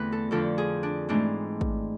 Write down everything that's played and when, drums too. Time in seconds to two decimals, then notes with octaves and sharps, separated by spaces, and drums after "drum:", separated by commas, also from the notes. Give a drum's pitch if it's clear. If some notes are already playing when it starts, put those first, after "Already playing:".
Already playing: E2 D3 A3 C4 B4
0.12 A4
0.31 F2 D3 F3 A4
0.58 G#4
0.83 D4
1.09 G#2 E3 A3 C4 D4
1.61 drum: kick